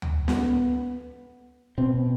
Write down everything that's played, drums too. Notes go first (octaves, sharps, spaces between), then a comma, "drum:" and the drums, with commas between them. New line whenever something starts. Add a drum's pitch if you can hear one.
drum: tom D2
B3, drum: snare
B2 C4